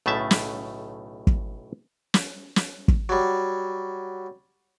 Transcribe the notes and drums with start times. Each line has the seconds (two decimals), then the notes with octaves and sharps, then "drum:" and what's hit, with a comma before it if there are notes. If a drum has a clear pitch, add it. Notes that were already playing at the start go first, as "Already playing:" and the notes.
0.06 B1 A2 C#3 A3 E5 A5
0.31 drum: snare
1.27 drum: kick
2.14 drum: snare
2.56 drum: snare
2.88 drum: kick
3.09 F#3 G3